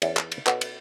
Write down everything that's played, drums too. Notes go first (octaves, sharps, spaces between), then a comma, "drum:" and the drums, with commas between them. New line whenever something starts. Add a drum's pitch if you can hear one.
E2 E3 C#4 E4 C#5, drum: cymbal
drum: clap
drum: cymbal
B2 B3 A4 C#5, drum: clap
drum: cymbal